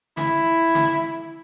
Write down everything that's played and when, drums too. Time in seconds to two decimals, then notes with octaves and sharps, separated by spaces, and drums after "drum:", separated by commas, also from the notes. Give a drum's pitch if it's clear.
0.17 E4, drum: snare
0.75 drum: snare